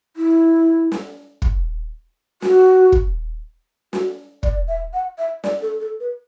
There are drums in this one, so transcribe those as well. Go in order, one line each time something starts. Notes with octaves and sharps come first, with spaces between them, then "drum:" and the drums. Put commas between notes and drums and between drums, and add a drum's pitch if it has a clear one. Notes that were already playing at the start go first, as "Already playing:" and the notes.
E4
drum: snare
drum: kick
F#4, drum: snare
drum: kick
F#4, drum: snare
D5, drum: kick
E5
F#5
E5
D5, drum: snare
A4
A4
B4